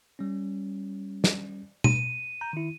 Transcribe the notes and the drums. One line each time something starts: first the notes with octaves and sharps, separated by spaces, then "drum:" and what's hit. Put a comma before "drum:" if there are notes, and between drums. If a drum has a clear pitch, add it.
G3 C#4
drum: snare
D#7, drum: tom B2
A#5 G6
D#3 E4